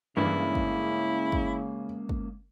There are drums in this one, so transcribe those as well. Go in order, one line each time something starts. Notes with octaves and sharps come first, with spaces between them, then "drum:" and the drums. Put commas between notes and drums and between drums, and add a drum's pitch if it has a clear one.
G2 C#3 E3 G#3 A#3 C#4 E4
drum: kick
drum: kick
drum: kick